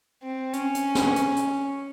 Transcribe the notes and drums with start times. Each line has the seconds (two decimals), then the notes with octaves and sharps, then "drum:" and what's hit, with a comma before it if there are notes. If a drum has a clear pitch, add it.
0.23 C4
0.53 C#4, drum: hi-hat
0.75 drum: hi-hat
0.95 drum: snare
1.16 drum: hi-hat
1.36 drum: hi-hat